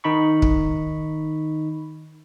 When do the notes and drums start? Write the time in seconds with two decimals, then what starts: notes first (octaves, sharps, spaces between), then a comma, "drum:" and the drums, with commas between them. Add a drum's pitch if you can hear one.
0.04 D#3 D#4 B5 C#6
0.42 drum: kick